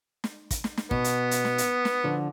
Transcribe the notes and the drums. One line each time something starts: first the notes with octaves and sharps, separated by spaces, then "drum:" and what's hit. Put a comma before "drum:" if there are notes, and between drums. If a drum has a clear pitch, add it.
drum: snare
drum: kick, hi-hat
drum: snare
drum: snare
B2 B3, drum: kick
drum: hi-hat
drum: hi-hat
drum: snare
drum: hi-hat
drum: snare
D3 F3